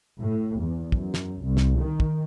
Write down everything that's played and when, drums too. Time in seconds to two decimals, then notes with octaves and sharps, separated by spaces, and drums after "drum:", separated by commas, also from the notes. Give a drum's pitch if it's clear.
0.21 A2
0.60 E2
0.92 F#2, drum: kick
1.14 drum: snare
1.44 C2
1.57 drum: snare
1.81 D#3
2.00 drum: kick